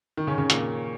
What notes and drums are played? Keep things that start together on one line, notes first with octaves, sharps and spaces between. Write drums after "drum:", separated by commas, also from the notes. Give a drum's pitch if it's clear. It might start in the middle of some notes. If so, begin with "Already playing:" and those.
D#3
C#3 C#4
C#3 C#4
A#2 A#3, drum: hi-hat